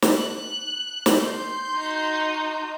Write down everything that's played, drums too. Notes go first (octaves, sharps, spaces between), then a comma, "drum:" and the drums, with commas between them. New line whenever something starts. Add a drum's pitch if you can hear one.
drum: snare
F#6
drum: snare
C6 G6
D#4 F#4